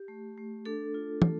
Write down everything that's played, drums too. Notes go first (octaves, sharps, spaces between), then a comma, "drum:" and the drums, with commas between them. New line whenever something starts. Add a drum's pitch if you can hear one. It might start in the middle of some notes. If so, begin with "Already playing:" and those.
Already playing: G4
A3
A3
D4 A4
F4
A3, drum: tom